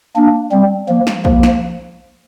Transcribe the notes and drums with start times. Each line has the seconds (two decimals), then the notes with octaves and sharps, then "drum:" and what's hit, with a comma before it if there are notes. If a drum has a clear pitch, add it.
0.16 A#3 D4
0.52 G3 C4
0.88 F3 A#3
1.07 drum: snare
1.25 F3 A#3, drum: kick
1.43 drum: snare